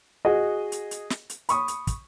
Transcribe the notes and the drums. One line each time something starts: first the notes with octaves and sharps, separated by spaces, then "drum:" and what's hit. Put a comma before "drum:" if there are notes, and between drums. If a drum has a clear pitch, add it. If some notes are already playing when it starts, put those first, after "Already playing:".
F#4 G#4 D#5 F#5
drum: hi-hat
drum: hi-hat
drum: snare
drum: hi-hat
B5 C#6 D#6, drum: hi-hat
drum: hi-hat
drum: kick, hi-hat